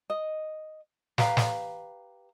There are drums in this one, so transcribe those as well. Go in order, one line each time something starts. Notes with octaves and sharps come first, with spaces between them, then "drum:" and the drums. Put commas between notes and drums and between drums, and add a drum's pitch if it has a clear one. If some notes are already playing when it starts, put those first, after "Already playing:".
D#5
G4 B4 F5 A#5, drum: snare
drum: snare